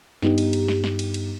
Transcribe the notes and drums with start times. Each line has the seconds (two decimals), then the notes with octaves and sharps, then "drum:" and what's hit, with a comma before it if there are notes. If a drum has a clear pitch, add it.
0.22 G2 B3 D#4 G4, drum: snare
0.38 drum: cymbal
0.53 drum: cymbal
0.68 drum: snare
0.84 drum: snare
0.99 drum: cymbal
1.14 drum: cymbal